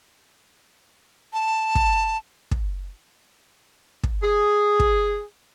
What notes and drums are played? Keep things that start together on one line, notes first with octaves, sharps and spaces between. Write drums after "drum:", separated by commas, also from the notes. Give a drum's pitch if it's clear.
A5
drum: kick
drum: kick
drum: kick
G#4
drum: kick